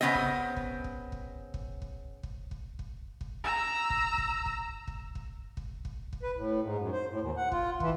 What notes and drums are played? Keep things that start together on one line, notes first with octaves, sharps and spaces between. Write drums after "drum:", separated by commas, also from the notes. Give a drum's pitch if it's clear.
C#3 E3 B3 C4 D#5
drum: kick
drum: kick
drum: kick
drum: kick
drum: kick
drum: kick
drum: kick
drum: kick
drum: kick
drum: kick
A#5 E6
drum: kick
drum: kick
drum: kick
drum: kick
drum: kick
drum: kick
drum: kick
drum: kick
B4
A2
G#2
F#2
C5
A2
D#2
F#5
F4, drum: kick
E3, drum: kick